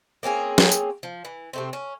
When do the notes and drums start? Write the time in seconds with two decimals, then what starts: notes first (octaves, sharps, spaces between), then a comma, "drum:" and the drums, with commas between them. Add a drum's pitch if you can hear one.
0.23 A#3 C4 C#4 G#4
0.58 drum: snare
0.72 drum: tambourine
1.03 F3
1.25 E3
1.53 C3 A3 C4
1.73 C#4